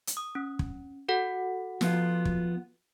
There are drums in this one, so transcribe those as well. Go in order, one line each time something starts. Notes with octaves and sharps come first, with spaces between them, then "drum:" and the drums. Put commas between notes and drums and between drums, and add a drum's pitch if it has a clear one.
drum: hi-hat
D#6
C#4
drum: kick
F#4 A4 F#5
F3 B3 F4, drum: snare
drum: kick